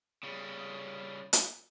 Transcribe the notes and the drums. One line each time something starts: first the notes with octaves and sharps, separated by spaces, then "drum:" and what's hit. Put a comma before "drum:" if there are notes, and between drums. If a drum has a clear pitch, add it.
C#3 G3
drum: hi-hat